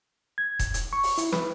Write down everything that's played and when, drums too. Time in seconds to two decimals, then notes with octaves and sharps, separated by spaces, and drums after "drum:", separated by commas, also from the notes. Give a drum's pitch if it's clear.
0.38 G#6
0.59 drum: kick E1, hi-hat
0.74 drum: hi-hat
0.93 C#6
1.03 drum: open hi-hat
1.18 E4, drum: hi-hat
1.32 B4, drum: snare